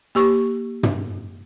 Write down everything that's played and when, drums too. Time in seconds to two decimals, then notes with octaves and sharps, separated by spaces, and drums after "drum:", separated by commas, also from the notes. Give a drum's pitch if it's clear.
0.15 A#3 G4 C#6
0.83 drum: tom